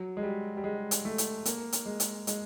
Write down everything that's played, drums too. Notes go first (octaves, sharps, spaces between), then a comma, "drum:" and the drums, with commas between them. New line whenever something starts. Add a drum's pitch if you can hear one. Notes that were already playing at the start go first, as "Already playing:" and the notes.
Already playing: F#3
G#3
G3
G3
G#3
drum: hi-hat
A3
drum: hi-hat
A#3, drum: hi-hat
drum: hi-hat
G#3
drum: hi-hat
G#3, drum: hi-hat